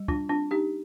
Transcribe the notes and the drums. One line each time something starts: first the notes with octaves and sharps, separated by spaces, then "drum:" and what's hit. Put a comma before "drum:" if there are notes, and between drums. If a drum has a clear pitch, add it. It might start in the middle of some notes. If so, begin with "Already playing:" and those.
Already playing: G3
D4 F4, drum: kick
C4 D4 F4
D#4 G4